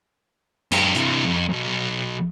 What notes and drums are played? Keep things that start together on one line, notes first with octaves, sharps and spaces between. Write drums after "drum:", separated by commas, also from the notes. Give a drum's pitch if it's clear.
F#2 G4, drum: cymbal
C3 E3, drum: hi-hat
F2
B1